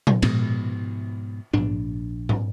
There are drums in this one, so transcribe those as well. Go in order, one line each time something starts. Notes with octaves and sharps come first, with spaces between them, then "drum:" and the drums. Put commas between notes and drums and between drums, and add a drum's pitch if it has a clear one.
drum: tom A#2
G#2 B2 F3 G#3, drum: cymbal
A#1 D4, drum: tom G#2
drum: tom G#2